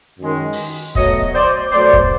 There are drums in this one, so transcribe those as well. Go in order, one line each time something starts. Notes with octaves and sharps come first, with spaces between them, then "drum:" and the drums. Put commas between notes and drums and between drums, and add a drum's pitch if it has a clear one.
F#2 D#3 G#3
drum: open hi-hat
B2 F#3 A3 C#5 D#5, drum: kick
C5 D5
B2 F#3 A3 C5 D5
drum: kick